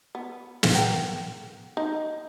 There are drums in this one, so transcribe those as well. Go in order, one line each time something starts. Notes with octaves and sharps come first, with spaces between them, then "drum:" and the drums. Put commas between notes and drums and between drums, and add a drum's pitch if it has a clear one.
B3
drum: snare
A#4 F#5 G5
D#4